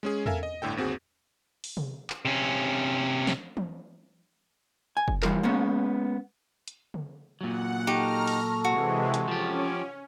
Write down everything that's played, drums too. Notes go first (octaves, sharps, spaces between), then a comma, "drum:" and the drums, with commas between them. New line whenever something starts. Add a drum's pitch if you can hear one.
G#3 C#4 G#4
A4 A#4 E5 F5 G#5, drum: tom E2
D#5
G1 A2 D3 A4 G5
G1 D#2 C4 F#4 G#4
drum: open hi-hat
drum: tom C3
drum: clap
C3 C#4
drum: snare
drum: tom E3
G#5
drum: kick
E3 G3 F4 A#4, drum: clap
G#3 A#3 B3 C#4
drum: hi-hat
drum: tom C#3
A#2 F#3 F#5
D#4 G4 A4 A5 A#5 C#6 F6
drum: cymbal
C3 E3 G#3 F#4
drum: hi-hat
F3 C#4 G4